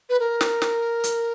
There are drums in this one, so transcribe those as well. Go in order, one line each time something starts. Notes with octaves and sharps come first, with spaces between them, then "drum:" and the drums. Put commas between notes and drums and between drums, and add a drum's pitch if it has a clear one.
B4
A#4
drum: snare
drum: snare
drum: hi-hat